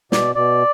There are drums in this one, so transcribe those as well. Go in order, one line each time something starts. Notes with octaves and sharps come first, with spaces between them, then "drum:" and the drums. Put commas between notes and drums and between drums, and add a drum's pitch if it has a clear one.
B2 D5, drum: snare
B2 D5